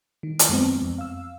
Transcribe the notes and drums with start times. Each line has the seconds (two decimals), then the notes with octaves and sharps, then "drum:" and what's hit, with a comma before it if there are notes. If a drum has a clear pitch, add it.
0.23 D#3
0.39 drum: hi-hat
0.49 F#2 G#3 B3 C4
0.82 F2
0.98 F5 E6